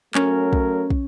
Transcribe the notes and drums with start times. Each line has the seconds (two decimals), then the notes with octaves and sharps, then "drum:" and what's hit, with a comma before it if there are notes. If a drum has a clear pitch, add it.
0.15 F#3 A3 C#4 A#4, drum: clap
0.53 drum: kick
0.90 drum: kick